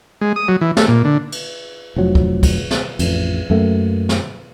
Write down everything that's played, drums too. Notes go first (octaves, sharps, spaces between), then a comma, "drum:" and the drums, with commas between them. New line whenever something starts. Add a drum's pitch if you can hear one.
G#3
D#6
F#3
E3
A3, drum: snare
A#2
D3
drum: cymbal
F1 F3 F#3
drum: kick
drum: kick, cymbal
drum: snare
A1 F2, drum: cymbal
F#2 A3 A#3
drum: snare